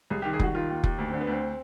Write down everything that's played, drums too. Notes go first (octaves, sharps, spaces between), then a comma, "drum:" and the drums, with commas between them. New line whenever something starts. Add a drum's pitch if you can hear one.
C2 G#4
G4
D#3
G#4
C2 F#4, drum: kick F1
D#3 F4
D#2
D#2, drum: kick F1
D2
C4
D3
B3
D2 C4